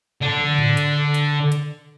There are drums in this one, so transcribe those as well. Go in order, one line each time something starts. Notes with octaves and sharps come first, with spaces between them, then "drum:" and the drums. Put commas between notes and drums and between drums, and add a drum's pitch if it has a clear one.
D3 D4
drum: tom
drum: tom G#2
drum: hi-hat
drum: hi-hat
drum: hi-hat